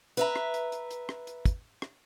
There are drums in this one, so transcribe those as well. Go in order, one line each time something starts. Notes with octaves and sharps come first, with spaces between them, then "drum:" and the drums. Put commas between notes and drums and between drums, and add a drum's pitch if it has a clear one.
B4 E5 A#5
drum: rim click
drum: hi-hat
drum: hi-hat
drum: hi-hat
drum: rim click
drum: hi-hat
drum: kick, hi-hat
drum: rim click